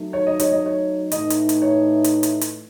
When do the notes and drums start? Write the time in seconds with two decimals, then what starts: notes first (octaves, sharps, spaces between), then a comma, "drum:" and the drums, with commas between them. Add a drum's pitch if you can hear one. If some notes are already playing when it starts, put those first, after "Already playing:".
Already playing: F#3 A3 D#4
0.13 C#5
0.27 D#5
0.40 C#5, drum: hi-hat
0.52 D#5
0.66 C#5
1.12 A2 E3 A3 D#4 D#5, drum: hi-hat
1.30 drum: hi-hat
1.49 drum: hi-hat
1.62 C#5
2.04 drum: hi-hat
2.23 drum: hi-hat
2.41 drum: hi-hat